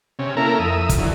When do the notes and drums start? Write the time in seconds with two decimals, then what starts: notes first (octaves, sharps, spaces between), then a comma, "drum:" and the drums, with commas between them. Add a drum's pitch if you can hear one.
0.19 C3 C#4
0.37 A#3 E4 A4 A#4 A#5
0.59 F2 E5 D#6
0.89 drum: kick, hi-hat
0.98 D3 E3 F#3